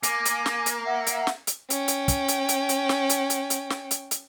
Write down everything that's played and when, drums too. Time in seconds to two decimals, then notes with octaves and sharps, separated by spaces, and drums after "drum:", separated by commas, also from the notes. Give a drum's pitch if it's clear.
0.03 A#3 G#5 D6, drum: hi-hat
0.25 drum: hi-hat
0.46 drum: snare
0.66 drum: hi-hat
0.86 E5 F#5
1.07 drum: hi-hat
1.27 drum: snare
1.47 drum: hi-hat
1.70 C#4 G5, drum: hi-hat
1.88 drum: hi-hat
2.08 drum: kick, hi-hat
2.28 drum: hi-hat
2.49 drum: hi-hat
2.69 drum: hi-hat
2.89 drum: snare
3.09 drum: hi-hat
3.30 drum: hi-hat
3.50 drum: hi-hat
3.70 drum: snare
3.91 drum: hi-hat
4.11 drum: hi-hat